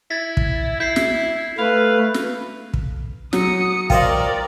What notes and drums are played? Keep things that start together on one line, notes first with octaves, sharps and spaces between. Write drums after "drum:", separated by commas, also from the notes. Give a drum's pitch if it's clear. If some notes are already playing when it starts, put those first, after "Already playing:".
E4 G#6 A6 B6
drum: kick
E4 G6 B6 C7
drum: snare
A3 B4 F5
drum: snare
drum: kick
F#3 D#6 C#7, drum: snare
F4 A#4 C5 D5 D#5 G5, drum: kick